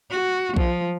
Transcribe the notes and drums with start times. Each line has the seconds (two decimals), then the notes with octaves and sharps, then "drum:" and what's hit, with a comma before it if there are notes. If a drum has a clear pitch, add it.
0.10 F#4
0.56 F3, drum: kick B1